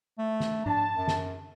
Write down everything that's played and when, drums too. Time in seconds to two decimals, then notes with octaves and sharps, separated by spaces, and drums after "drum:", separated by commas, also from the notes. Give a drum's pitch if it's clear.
0.18 A3
0.40 drum: snare
0.66 D4 A5, drum: tom G#2
0.95 F#2
1.08 drum: snare